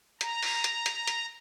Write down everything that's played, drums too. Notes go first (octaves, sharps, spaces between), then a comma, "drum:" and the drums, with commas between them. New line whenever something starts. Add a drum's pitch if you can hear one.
A#5, drum: hi-hat
drum: open hi-hat
drum: hi-hat
drum: hi-hat
drum: hi-hat